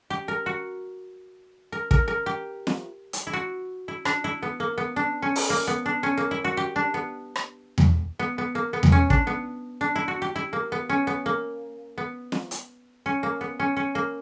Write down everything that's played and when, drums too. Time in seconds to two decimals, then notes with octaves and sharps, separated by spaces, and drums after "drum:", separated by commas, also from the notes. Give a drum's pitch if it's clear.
0.10 G4
0.28 A#4
0.46 F#4
1.72 A#4
1.91 A#4, drum: kick
2.08 A#4
2.26 G4
2.67 drum: snare
3.13 drum: hi-hat
3.27 E4
3.33 F#4
3.88 E4
4.05 D4, drum: rim click
4.24 E4
4.42 B3
4.60 A#3
4.78 B3
4.96 D4
5.22 C#4
5.36 drum: open hi-hat
5.50 A#3
5.67 B3
5.86 D4
6.03 C#4
6.17 A#3
6.31 E4
6.44 F#4
6.57 G4
6.76 D4
6.94 B3
7.36 drum: rim click
7.78 drum: tom E2
8.19 B3
8.38 B3
8.55 A#3
8.73 B3
8.83 drum: tom E2
8.92 C#4
9.10 D4, drum: kick
9.27 B3
9.81 D4
9.96 E4
10.08 F#4
10.22 G4
10.36 E4
10.53 A#3
10.72 B3
10.89 C#4
11.07 B3
11.26 A#3
11.98 B3
12.32 drum: snare
12.51 drum: hi-hat
13.06 C#4
13.23 A#3
13.41 B3
13.60 C#4
13.77 C#4
13.95 A#3